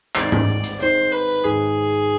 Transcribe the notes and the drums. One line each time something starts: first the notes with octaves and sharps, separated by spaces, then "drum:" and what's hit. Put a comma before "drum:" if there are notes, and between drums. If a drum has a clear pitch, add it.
G#1 G#2 D#3 D5, drum: clap
drum: tom G#2
drum: hi-hat
G#1 G#2 D#3 C5
B4
G#1 G#2 D#3 G#4